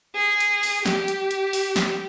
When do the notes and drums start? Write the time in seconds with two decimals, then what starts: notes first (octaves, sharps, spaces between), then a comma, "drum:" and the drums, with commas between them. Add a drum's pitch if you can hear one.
0.15 G#4
0.40 drum: hi-hat
0.63 drum: open hi-hat
0.86 G4, drum: snare
1.08 drum: hi-hat
1.31 drum: hi-hat
1.53 drum: open hi-hat
1.76 drum: snare